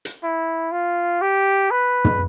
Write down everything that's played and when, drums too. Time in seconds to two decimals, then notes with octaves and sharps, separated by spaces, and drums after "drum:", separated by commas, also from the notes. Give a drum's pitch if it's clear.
0.05 drum: hi-hat
0.23 E4
0.72 F4
1.21 G4
1.71 B4
2.05 drum: tom